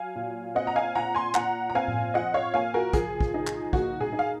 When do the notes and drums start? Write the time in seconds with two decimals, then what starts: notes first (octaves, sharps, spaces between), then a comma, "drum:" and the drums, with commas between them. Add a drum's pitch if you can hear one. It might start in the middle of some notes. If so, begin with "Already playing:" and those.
Already playing: F#3 F5 G#5
0.16 A#2
0.55 C4 D#5 F#5
0.67 A#5
0.76 F5 G#5
0.95 A#2 F#5 A#5
1.15 G#5 C6
1.34 A#2 F#5 A#5, drum: clap
1.70 A#5
1.75 C4 F5 G#5
1.88 drum: tom A2
2.14 F3 D#5 F#5
2.34 C#5 F5
2.54 A#3 F5 G#5
2.74 F#4 A#4
2.93 F3 G#4, drum: kick, hi-hat
3.21 drum: kick
3.34 D#4
3.47 drum: clap
3.73 A#3 F#4, drum: kick
4.00 G#4, drum: tom A#2
4.13 D#4
4.19 F5